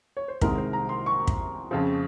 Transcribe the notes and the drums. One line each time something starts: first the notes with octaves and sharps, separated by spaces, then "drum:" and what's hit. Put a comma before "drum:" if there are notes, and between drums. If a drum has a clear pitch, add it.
C#5
C5
C2 C3 D#3 G#3 C4 A#4, drum: kick
C5
A#5
C6
C#6
drum: kick
F2 C#3 F3